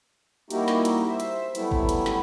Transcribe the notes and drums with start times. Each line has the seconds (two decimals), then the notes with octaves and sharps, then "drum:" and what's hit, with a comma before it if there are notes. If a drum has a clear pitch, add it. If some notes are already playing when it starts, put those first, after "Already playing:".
0.50 G3 A#3 D#4 E4 F#4 G4, drum: hi-hat
0.68 drum: snare
0.85 drum: hi-hat
1.09 C5 E5
1.20 drum: hi-hat
1.55 F#3 G3 A3 B3 E4, drum: hi-hat
1.71 drum: kick
1.89 drum: hi-hat
2.06 drum: snare